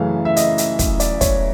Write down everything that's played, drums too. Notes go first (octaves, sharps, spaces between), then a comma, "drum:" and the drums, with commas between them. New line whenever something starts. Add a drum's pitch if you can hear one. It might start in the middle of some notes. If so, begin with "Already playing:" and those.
Already playing: F#2 C#3 E3 A3 F5
E5
D#5, drum: hi-hat
drum: hi-hat
drum: kick, hi-hat
D5, drum: hi-hat
C#5, drum: kick, hi-hat